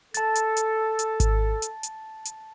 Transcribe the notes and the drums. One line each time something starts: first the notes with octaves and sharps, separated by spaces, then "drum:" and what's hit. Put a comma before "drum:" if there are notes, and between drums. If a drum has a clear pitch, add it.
A4 A5 A6, drum: hi-hat
drum: hi-hat
drum: hi-hat
drum: hi-hat
drum: kick G#1, hi-hat
drum: hi-hat
drum: hi-hat
drum: hi-hat